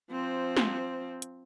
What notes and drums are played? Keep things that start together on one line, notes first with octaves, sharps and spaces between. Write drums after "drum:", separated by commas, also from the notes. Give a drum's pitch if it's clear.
F3 C4
drum: snare
drum: hi-hat